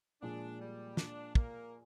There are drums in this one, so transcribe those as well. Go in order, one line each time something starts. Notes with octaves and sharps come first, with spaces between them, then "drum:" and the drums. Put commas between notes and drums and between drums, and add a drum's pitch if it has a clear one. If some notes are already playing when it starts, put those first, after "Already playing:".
A#2 F3 G#3 D4
G3
D4, drum: snare
A#3, drum: kick